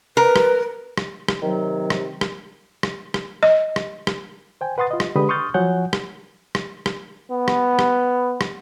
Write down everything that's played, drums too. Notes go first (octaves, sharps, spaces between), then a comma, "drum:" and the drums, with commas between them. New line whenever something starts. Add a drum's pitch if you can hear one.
A#4 B4
drum: rim click
drum: rim click
drum: rim click
C3 D#3 F#3
drum: rim click
drum: rim click
drum: rim click
drum: rim click
D#5
drum: rim click
drum: rim click
C5 G5 G#5
B4 F#5 C6 D#6 A6
F4 D#5
drum: rim click
D3 G#3 G4 B4 B5 D#6
C6 C#6 D#6 F6 G6 A6
F3 F#3 C#5 F#5 G#5 G6
drum: rim click
drum: rim click
drum: rim click
B3
drum: rim click
drum: rim click
drum: rim click